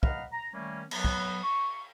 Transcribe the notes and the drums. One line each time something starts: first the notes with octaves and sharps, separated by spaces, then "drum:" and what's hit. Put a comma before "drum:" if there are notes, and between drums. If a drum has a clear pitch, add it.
D#5 F5 F#5 A#5 B5 F6, drum: kick
A#5
D#3 G3 A3 A#3 C#4
F#3 B3, drum: cymbal
drum: kick
C#6